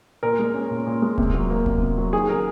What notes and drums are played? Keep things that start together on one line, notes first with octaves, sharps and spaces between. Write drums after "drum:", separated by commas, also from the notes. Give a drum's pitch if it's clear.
A#2 A#4
G#3
C#4
A#2
A#2
G#3
C3, drum: kick D#1
F#3
A#3
C3, drum: kick D#1
C3
F#3
D#2 G#4
C#3 A#4